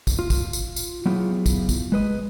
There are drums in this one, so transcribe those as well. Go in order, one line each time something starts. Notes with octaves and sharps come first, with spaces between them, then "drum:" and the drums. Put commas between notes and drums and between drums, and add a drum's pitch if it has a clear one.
drum: kick, tambourine
F4
drum: kick, tambourine
drum: tambourine
drum: tambourine
F#3 B3 E4 F4 G4 G#4
drum: kick, tambourine
drum: kick, tambourine
G#3 B4 D#5